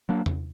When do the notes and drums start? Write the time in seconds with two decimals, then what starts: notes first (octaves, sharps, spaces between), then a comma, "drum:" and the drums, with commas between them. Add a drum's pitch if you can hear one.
0.09 F#3 A#3 D4
0.26 drum: tom E2